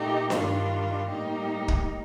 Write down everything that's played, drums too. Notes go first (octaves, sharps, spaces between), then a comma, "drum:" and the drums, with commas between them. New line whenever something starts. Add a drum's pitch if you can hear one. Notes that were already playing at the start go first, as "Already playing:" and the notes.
Already playing: A#2 A3 D#4 G4
G2 D#3 G3 D4 F4, drum: snare D4
A2 G3 A#3 D#4 G4
drum: kick